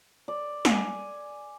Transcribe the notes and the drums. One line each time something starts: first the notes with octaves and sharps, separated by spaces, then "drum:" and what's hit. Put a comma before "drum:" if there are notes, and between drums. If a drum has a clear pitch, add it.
D5
G#5, drum: snare